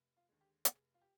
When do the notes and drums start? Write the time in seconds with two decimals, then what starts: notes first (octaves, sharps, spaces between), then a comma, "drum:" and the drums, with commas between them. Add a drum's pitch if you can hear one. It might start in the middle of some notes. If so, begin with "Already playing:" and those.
Already playing: F1
0.17 F4
0.29 D#2 D3 G#3
0.41 G4
0.65 F1 G#4, drum: hi-hat
0.94 F4
1.02 G4